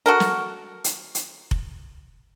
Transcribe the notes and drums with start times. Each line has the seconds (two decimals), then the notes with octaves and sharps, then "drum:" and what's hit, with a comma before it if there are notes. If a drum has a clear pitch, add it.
0.06 F#4 A4 A#4
0.20 drum: snare
0.84 drum: hi-hat
1.15 drum: hi-hat
1.51 drum: kick F1